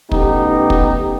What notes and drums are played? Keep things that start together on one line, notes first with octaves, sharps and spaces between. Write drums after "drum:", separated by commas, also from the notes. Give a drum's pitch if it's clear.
A1 B3 D#4 G4, drum: kick
drum: kick